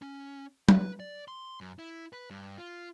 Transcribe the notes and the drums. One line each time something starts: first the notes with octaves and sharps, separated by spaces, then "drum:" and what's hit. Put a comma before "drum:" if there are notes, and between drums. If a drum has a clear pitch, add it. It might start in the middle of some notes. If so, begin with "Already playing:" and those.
C#4
B4, drum: tom
D5
C6
F#2
E4
B4
G2
F4